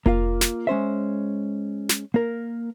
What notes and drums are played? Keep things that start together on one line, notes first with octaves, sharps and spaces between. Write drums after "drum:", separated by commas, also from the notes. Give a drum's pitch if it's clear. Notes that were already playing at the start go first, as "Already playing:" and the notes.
A#3 F4 F5, drum: kick F1
drum: snare
G#3 C#4 C5 E5
drum: snare
A#3 A#4